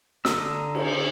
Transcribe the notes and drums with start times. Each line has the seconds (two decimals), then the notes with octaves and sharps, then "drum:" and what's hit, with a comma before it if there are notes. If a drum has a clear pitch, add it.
0.25 D3 A#5 D#6 E6, drum: snare
0.75 drum: cymbal